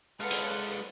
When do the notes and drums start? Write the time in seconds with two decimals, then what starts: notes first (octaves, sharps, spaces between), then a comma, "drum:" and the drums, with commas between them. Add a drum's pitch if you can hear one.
0.20 G#3 A4 B4 F5 F#5
0.31 drum: hi-hat